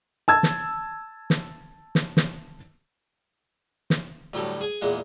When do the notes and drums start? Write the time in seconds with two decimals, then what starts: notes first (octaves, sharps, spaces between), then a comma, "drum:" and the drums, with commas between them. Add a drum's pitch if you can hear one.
0.28 A5 E6 G#6
0.43 drum: snare
1.30 drum: snare
1.95 drum: snare
2.17 drum: snare
3.90 drum: snare
4.34 D2 A2 F#3 G3 A4
4.61 G#4 G#5
4.81 E2 A#2 G#3 F#5